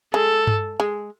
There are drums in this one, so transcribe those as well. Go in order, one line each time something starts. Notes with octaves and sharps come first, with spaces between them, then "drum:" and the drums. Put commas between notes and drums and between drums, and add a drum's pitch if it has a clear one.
G#3 A4
drum: tom G2
G#3